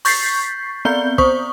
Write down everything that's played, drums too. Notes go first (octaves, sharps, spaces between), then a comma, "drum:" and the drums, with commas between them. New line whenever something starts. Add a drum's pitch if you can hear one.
C#6 G6 A6 B6 C7, drum: open hi-hat
B3 C4 D5 G6 G7
C5 C#6 D#6, drum: kick